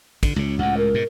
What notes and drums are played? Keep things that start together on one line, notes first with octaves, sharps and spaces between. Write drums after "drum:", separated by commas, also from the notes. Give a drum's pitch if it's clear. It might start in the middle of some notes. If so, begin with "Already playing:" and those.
D3, drum: kick, cymbal
C#2 C#3
C#2 A2 F#5
A#4
G#2 B2